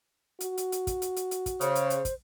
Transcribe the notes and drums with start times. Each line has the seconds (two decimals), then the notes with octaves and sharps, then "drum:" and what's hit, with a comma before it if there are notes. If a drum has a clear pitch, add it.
0.40 F#4, drum: hi-hat
0.57 drum: hi-hat
0.72 drum: hi-hat
0.87 drum: kick, hi-hat
1.02 drum: hi-hat
1.16 drum: hi-hat
1.31 drum: hi-hat
1.46 drum: kick, hi-hat
1.61 C#3 C5, drum: hi-hat
1.75 drum: hi-hat
1.90 drum: hi-hat
2.05 drum: kick, hi-hat